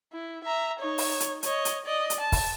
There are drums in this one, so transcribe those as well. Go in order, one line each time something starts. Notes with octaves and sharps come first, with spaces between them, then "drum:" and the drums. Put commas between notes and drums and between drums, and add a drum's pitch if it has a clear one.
E4
E5 A#5
D#4 C#5
drum: open hi-hat
drum: hi-hat
C#5 D#5, drum: hi-hat
drum: hi-hat
D5 D#5
drum: hi-hat
A5
drum: kick, open hi-hat